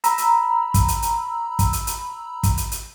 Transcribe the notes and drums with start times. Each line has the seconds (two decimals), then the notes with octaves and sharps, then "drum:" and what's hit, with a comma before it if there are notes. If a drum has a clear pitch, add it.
0.04 A#5 B5 E6, drum: hi-hat
0.18 drum: hi-hat
0.74 drum: kick, hi-hat
0.88 drum: hi-hat
1.02 drum: hi-hat
1.59 drum: kick, hi-hat
1.73 drum: hi-hat
1.87 drum: hi-hat
2.43 drum: kick, hi-hat
2.57 drum: hi-hat
2.72 drum: hi-hat